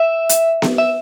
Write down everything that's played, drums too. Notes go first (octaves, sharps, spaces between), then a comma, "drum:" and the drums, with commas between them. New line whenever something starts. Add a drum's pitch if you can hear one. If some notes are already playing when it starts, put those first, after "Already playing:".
Already playing: E5
drum: hi-hat
drum: snare B3
E5